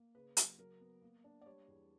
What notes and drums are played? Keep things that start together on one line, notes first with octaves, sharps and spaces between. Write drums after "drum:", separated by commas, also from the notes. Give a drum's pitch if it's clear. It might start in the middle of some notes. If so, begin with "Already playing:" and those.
Already playing: A#3
C#3 B4
F#3, drum: hi-hat
F#3 A#4
B3
A#3
D4
D5
G3 C#5
E2